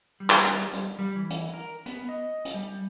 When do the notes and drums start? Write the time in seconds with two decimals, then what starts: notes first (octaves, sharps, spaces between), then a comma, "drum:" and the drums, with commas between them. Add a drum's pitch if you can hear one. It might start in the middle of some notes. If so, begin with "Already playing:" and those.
0.20 G3
0.30 drum: clap
0.44 drum: hi-hat
0.73 drum: hi-hat
0.99 G3
1.16 E3
1.30 drum: hi-hat
1.54 A#4
1.86 B3, drum: hi-hat
2.09 D#5
2.45 drum: hi-hat
2.54 G3